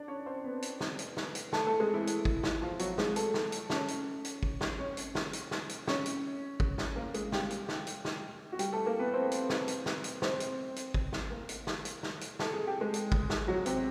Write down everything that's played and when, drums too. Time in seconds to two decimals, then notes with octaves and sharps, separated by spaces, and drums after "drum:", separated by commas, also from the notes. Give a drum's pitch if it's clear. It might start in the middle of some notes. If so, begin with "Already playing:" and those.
Already playing: D4 D5
0.08 C#4 C#5
0.26 C4 C5
0.44 B3 B4
0.62 drum: hi-hat
0.80 drum: snare
0.99 drum: hi-hat
1.17 drum: snare
1.35 drum: hi-hat
1.52 A3 A4, drum: snare
1.67 A3 A4
1.80 G#3 G#4
1.94 E3 E4
2.07 drum: hi-hat
2.25 drum: kick
2.43 drum: snare
2.61 F3 F4
2.79 F#3 F#4, drum: hi-hat
2.98 G#3 G#4, drum: snare
3.16 A3 A4, drum: hi-hat
3.34 drum: snare
3.52 drum: hi-hat
3.70 C#4 C#5, drum: snare
3.88 drum: hi-hat
4.25 drum: hi-hat
4.43 drum: kick
4.61 drum: snare
4.79 C#4 C#5
4.97 drum: hi-hat
5.15 drum: snare
5.33 drum: hi-hat
5.51 drum: snare
5.69 drum: hi-hat
5.87 C#4 C#5, drum: snare
6.06 drum: hi-hat
6.60 drum: kick
6.78 drum: snare
6.96 A#3 A#4
7.14 G#3 G#4, drum: hi-hat
7.32 G3 G4, drum: snare
7.50 drum: hi-hat
7.69 drum: snare
7.87 drum: hi-hat
8.05 drum: snare
8.52 F#4
8.59 G3 G4, drum: hi-hat
8.72 A3 A4
8.86 A#3 A#4
8.99 B3 B4
9.14 C4 C5
9.31 drum: hi-hat
9.50 drum: snare
9.68 drum: hi-hat
9.86 drum: snare
10.04 drum: hi-hat
10.22 C4 C5, drum: snare
10.40 drum: hi-hat
10.76 drum: hi-hat
10.94 drum: kick
11.13 drum: snare
11.30 A#3 A#4
11.49 drum: hi-hat
11.67 drum: snare
11.85 drum: hi-hat
12.03 drum: snare
12.21 drum: hi-hat
12.39 A4, drum: snare
12.53 G#4
12.67 G4
12.81 G#3 G#4
12.94 drum: hi-hat
13.12 drum: kick
13.30 drum: snare
13.48 F#3 F#4
13.66 C3 C4, drum: hi-hat